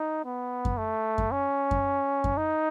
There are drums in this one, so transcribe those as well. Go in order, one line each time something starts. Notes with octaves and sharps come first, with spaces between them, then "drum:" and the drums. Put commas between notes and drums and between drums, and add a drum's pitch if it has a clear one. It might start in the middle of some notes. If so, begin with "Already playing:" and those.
Already playing: D#4
B3
drum: kick F#2
A3
drum: kick F#2
C#4
drum: kick F#2
drum: kick F#2
D#4